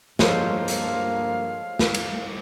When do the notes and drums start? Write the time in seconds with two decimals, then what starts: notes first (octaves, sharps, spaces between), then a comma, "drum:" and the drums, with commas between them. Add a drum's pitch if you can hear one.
0.19 G2 F3 G#3 A#3 A4 C5 C#5 F5, drum: snare
0.68 drum: hi-hat
1.79 drum: snare
1.94 drum: cymbal